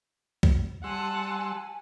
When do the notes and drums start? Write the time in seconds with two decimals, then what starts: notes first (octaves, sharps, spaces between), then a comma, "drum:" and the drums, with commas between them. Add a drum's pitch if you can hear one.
0.43 drum: kick C2
0.84 G3 F#5 G#5 A5 C6 E6